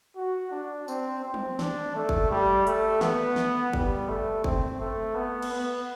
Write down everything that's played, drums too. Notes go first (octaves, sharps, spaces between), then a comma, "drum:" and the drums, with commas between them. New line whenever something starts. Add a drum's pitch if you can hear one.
F#4
D4
C4, drum: tambourine
C4
drum: tom
D4, drum: snare
A3
drum: kick F#1
G3
A3, drum: hi-hat
B3, drum: snare
drum: snare
G3, drum: kick F#1
A3
C4, drum: kick F#1
A3
B3
drum: cymbal
B3